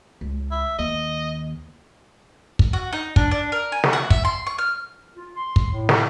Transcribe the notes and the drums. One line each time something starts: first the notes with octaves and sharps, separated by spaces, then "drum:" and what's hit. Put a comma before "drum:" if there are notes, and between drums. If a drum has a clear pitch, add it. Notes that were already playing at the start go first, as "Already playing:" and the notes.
C#2
E5
D#2 D#5
drum: kick
F#4
D#4
D4, drum: kick
D4
A#4
G#5
drum: snare
F#4
E5, drum: kick
C6
C#6
F6
F4
C6
drum: kick
A2
drum: snare